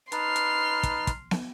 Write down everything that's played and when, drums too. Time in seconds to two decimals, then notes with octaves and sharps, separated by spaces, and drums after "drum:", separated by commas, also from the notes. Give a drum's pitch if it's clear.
0.12 D#4 B4 A5 C6 F6, drum: hi-hat
0.36 drum: hi-hat
0.83 drum: kick, hi-hat
1.07 drum: kick, hi-hat
1.31 drum: snare